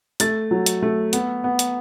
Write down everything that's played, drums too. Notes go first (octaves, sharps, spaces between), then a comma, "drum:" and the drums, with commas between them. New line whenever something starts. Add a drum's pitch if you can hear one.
A3 A6, drum: hi-hat
F#3
drum: hi-hat
A3
B3, drum: hi-hat
B3
drum: hi-hat